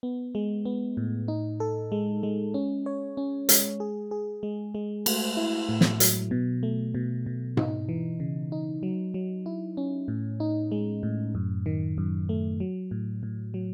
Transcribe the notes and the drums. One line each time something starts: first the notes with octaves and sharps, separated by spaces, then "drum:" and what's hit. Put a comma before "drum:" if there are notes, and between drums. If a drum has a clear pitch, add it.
B3
G#3
B3
A2
D#4
A4
G#3
G#3
C#4
C#5
C#4
G#3, drum: hi-hat
G#4
G#4
G#3
G#3
A3, drum: cymbal
E4
A2
drum: snare
F#3, drum: hi-hat
B2
A3
B2
B2
D#4, drum: tom G#2
E3
C#3
D#4
F#3
F#3
E4
C#4
A2
D#4
G#3
A2
F#2
D#3
F#2
A3
F#3
A2
A2
F#3